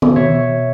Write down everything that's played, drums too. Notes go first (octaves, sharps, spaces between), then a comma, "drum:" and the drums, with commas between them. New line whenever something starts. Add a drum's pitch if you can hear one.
drum: tom D#3
B2 C#5 E5